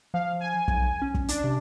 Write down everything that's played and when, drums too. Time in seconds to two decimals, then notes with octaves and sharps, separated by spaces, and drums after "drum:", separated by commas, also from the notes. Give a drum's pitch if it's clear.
0.14 F3 F5
0.41 G#5
0.68 B1, drum: kick
1.02 C#4
1.14 drum: kick
1.28 D4, drum: hi-hat
1.44 C3